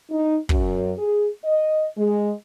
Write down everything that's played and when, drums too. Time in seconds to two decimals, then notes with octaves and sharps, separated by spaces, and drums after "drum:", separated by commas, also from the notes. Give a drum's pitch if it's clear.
0.11 D#4
0.49 F#2, drum: kick
0.98 G#4
1.45 D#5
1.97 G#3